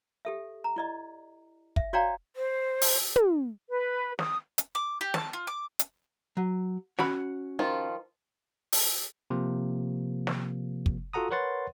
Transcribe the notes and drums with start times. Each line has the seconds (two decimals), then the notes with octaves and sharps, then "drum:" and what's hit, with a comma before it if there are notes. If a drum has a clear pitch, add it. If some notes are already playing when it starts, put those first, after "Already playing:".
0.25 G4 A4 E5
0.64 A#5
0.76 E4 D5 D#5
1.76 E5, drum: kick
1.93 F#4 C#5 D5 F5 G5 A#5
2.36 C5
2.81 drum: open hi-hat
3.16 drum: tom
3.70 B4
4.19 D#6, drum: snare
4.58 drum: hi-hat
4.75 D6
5.01 G4
5.14 A5, drum: snare
5.33 F4
5.47 D6
5.79 drum: hi-hat
6.37 F#3
6.99 C#4 F#4 B5, drum: snare
7.59 D#3 F3 F4
8.72 drum: open hi-hat
9.30 C3 F3 A#3
10.27 drum: snare
10.86 drum: kick
11.13 F4 F#4 A4 F#5 A#5 D#6
11.31 A#4 B4 C#5 F#5 C6 A6